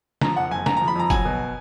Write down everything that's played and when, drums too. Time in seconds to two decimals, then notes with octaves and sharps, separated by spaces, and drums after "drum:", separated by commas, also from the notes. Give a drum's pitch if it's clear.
0.21 F3 A#5, drum: snare
0.36 F2 F#5
0.51 F#1 G#5
0.66 F#1 A#5, drum: snare
0.77 F3 A#5
0.88 B5
0.95 F2 A#5
1.10 F#3 G#5, drum: kick, hi-hat
1.25 B2